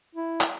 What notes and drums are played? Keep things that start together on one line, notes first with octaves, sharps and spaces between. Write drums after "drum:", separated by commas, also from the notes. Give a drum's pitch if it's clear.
E4
drum: clap